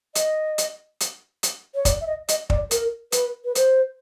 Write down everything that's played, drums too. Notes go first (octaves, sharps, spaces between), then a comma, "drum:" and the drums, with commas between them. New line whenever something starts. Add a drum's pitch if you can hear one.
D#5, drum: hi-hat
drum: hi-hat
drum: hi-hat
drum: hi-hat
C#5
D5, drum: kick, hi-hat
E5
D#5
D#5, drum: hi-hat
D5, drum: kick
A#4, drum: hi-hat
B4, drum: hi-hat
B4
C5, drum: hi-hat